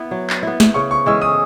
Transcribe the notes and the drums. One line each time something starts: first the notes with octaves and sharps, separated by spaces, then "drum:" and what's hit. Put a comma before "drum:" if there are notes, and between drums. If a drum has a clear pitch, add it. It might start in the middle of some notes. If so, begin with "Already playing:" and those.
Already playing: B3 E4
F#3
drum: clap
B3 E4
drum: snare
C#3 C#6
C#6
E3 G#3 C#4 E6
D#6